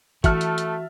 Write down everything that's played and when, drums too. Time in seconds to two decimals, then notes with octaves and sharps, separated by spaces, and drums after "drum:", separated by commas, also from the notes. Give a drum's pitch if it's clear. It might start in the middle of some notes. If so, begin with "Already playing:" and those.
0.24 E3 A3 F#4 E5 A5 F6, drum: kick, hi-hat
0.41 drum: hi-hat
0.58 drum: hi-hat